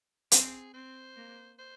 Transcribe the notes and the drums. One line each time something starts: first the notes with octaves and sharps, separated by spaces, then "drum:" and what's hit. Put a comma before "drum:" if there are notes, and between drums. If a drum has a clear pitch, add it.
C4 G#4, drum: hi-hat
C4 C5
A#3
C5